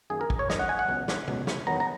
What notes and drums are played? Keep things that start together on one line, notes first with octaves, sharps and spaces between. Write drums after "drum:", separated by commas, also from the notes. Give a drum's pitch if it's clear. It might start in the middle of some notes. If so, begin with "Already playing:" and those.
F#2 D#3 A#3 G#4
A#4
drum: kick
C#5
F#2 D#3 A#3 D#5, drum: snare
F#5
G#5
F#5
C#2 B2 F#3
drum: snare
C#2 B2 F#3, drum: tom
drum: snare
E2 D#3 F#3 B3 A#5
A#5